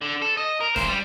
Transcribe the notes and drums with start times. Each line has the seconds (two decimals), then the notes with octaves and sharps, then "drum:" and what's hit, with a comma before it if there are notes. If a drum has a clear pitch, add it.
0.01 D3
0.22 A4
0.37 D#5
0.60 A#4
0.76 E3 C5, drum: snare
0.88 G3